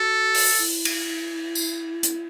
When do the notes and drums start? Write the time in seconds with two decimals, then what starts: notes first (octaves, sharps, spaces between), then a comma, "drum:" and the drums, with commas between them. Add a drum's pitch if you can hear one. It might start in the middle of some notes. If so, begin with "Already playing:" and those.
Already playing: F#4 A4
0.35 drum: open hi-hat
0.58 E4
0.85 drum: cymbal
1.55 drum: tambourine
2.03 drum: hi-hat